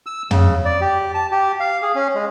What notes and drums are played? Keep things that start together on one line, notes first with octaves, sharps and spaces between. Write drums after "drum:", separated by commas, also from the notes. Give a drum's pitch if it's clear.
E6
C#3, drum: tom
D5
G4
A5
G4
F5
G#4
C#4
G#3